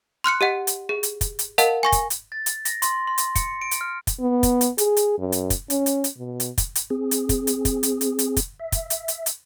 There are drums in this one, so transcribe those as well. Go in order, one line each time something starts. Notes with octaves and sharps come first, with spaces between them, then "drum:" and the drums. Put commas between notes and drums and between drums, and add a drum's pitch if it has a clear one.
C6 F6 F#6 C#7
G4 D#5 F#5
drum: hi-hat
G#4
drum: hi-hat
drum: kick, hi-hat
drum: hi-hat
A#4 D#5 F5 F#5 A5, drum: hi-hat
G#5 C#6 A#6
drum: kick, hi-hat
drum: hi-hat
A6
drum: hi-hat
A#6, drum: hi-hat
C6, drum: hi-hat
C6
drum: hi-hat
C#7, drum: kick, hi-hat
D7
drum: hi-hat
F6
drum: kick, hi-hat
B3
drum: kick, hi-hat
drum: hi-hat
G#4, drum: hi-hat
drum: hi-hat
F#2
drum: hi-hat
drum: kick, hi-hat
C#4, drum: hi-hat
drum: hi-hat
drum: hi-hat
B2
drum: hi-hat
drum: kick, hi-hat
drum: hi-hat
C4 G#4
drum: hi-hat
drum: kick, hi-hat
drum: hi-hat
drum: kick, hi-hat
drum: hi-hat
drum: hi-hat
drum: hi-hat
drum: kick, hi-hat
E5
drum: kick, hi-hat
drum: hi-hat
drum: hi-hat
drum: hi-hat